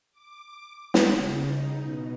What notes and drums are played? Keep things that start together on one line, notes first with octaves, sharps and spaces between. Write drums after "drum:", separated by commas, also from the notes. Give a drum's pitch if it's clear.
D6
C#3, drum: snare
D#4
B2